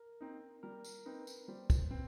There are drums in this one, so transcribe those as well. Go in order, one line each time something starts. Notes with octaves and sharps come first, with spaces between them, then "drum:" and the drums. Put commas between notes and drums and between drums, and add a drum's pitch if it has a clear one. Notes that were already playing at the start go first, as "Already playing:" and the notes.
Already playing: A#4
C4 D#4
G3 A#4
drum: tambourine
C4 D#4 B4
drum: tambourine
G3 C5
drum: kick, tambourine
C4 B4